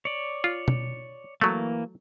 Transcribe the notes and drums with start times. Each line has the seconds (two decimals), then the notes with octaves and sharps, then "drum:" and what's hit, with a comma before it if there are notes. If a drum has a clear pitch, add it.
0.05 C#5 D5
0.44 F4
0.68 drum: tom B2
1.41 E3 F#3 A3 A#3